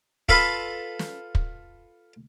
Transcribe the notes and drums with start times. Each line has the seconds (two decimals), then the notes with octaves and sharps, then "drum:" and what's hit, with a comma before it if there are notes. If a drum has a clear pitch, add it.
0.29 F4 A4 B4 F5 B5, drum: kick
0.99 drum: snare
1.35 drum: kick